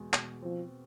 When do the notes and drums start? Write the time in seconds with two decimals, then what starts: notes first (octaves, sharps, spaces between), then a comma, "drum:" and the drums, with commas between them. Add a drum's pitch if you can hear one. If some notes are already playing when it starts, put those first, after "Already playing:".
Already playing: E2 B2 G#3
0.14 B2, drum: clap
0.42 F3 C4